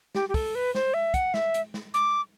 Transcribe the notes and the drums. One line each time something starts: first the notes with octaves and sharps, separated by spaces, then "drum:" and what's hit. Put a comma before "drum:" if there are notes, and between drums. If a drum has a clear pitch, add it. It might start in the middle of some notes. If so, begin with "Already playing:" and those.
G4, drum: snare
G4
A4, drum: kick, open hi-hat
B4
C5, drum: snare
E5
F#5, drum: kick, hi-hat
E5, drum: snare
drum: hi-hat
drum: snare
D6, drum: hi-hat